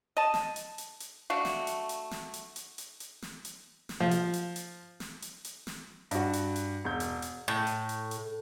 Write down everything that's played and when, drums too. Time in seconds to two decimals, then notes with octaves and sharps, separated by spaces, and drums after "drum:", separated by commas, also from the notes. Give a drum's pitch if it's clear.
0.17 D#5 A5
0.34 drum: snare
0.56 drum: hi-hat
0.78 drum: hi-hat
1.00 drum: hi-hat
1.30 A3 D4 F#4 F5
1.45 drum: snare
1.67 drum: hi-hat
1.89 drum: hi-hat
2.11 drum: snare
2.34 drum: hi-hat
2.56 drum: hi-hat
2.78 drum: hi-hat
3.00 drum: hi-hat
3.22 drum: snare
3.45 drum: hi-hat
3.89 drum: snare
4.00 F3
4.11 drum: hi-hat
4.33 drum: hi-hat
4.56 drum: hi-hat
5.00 drum: snare
5.22 drum: hi-hat
5.45 drum: hi-hat
5.67 drum: snare
6.11 G2 F#4, drum: hi-hat
6.33 drum: hi-hat
6.56 drum: hi-hat
6.84 E1 G6
7.00 drum: hi-hat
7.22 drum: hi-hat
7.48 A2
7.67 drum: hi-hat
7.89 drum: hi-hat
8.11 drum: hi-hat